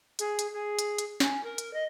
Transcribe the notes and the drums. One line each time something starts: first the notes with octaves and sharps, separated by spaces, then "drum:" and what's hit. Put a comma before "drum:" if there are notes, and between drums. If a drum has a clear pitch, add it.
G#4, drum: hi-hat
drum: hi-hat
G#4
drum: hi-hat
drum: hi-hat
C#4, drum: snare
A#4
drum: hi-hat
D#5